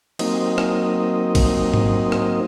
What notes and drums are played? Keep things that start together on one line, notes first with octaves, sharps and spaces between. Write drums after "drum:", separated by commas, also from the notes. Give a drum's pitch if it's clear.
F#3 A#3 C4 D#4 D#5, drum: cymbal
drum: rim click
drum: kick, cymbal
drum: tom G#2
drum: rim click